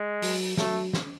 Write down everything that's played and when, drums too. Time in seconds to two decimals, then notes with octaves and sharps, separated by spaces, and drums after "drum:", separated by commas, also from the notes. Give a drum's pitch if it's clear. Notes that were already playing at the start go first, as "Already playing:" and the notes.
Already playing: G#3
0.22 F#3, drum: open hi-hat
0.57 F#3 A3, drum: snare
0.93 drum: snare